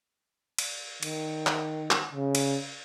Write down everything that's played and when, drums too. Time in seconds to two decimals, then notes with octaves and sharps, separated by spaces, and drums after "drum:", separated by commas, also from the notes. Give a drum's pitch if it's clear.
0.58 drum: cymbal
1.03 D#3, drum: cymbal
1.47 drum: clap
1.91 drum: clap
2.13 C#3
2.35 drum: cymbal